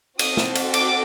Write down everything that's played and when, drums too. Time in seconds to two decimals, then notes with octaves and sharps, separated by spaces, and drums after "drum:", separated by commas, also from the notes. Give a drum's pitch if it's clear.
0.19 C4 F#4 A4 D#6, drum: cymbal
0.37 drum: snare
0.55 drum: cymbal
0.74 D6, drum: cymbal